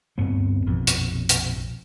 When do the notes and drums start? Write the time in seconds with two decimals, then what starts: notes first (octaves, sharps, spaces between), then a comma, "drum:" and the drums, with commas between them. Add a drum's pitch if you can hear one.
0.18 D2 G2 B3 C4
0.66 A#1 F2 B2
0.87 drum: hi-hat
1.29 drum: hi-hat